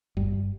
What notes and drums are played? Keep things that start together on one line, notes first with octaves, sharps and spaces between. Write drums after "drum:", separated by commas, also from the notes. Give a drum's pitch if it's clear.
G2, drum: kick